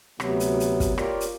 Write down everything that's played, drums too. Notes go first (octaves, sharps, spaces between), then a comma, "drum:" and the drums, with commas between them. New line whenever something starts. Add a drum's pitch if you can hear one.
D2 C3 F#3 B3, drum: rim click
drum: hi-hat
drum: hi-hat
drum: kick, hi-hat
F4 G4 A#4 C#5 D5, drum: rim click
drum: hi-hat